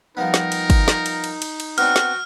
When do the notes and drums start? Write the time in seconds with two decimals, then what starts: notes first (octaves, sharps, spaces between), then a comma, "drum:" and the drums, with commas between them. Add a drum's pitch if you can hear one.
0.17 F3 G3 B3 D#4 A#4
0.34 drum: snare
0.52 drum: cymbal
0.70 drum: kick, cymbal
0.88 drum: snare
1.06 drum: cymbal
1.24 drum: cymbal
1.42 drum: cymbal
1.60 drum: cymbal
1.78 B3 C4 D4 F#4 F6, drum: cymbal
1.96 drum: snare